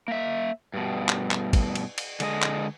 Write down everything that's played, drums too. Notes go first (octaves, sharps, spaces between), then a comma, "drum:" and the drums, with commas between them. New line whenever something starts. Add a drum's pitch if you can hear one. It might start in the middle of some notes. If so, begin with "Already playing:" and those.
A#3 E5
G2 B2
drum: clap
drum: clap
drum: kick, cymbal
drum: cymbal
drum: cymbal
D3 G#3 D#5, drum: cymbal
drum: clap